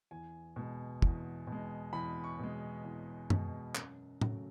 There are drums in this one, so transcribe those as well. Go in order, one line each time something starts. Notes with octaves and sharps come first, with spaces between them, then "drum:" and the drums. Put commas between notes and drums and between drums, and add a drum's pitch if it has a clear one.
E2 G#5
B2 G#3
E2, drum: kick
B2 G#3
E2 B5
C#6
B2 G#3
E2
B2 G#3, drum: tom F#2
F#2, drum: clap
C#3 F#3 A3, drum: tom A2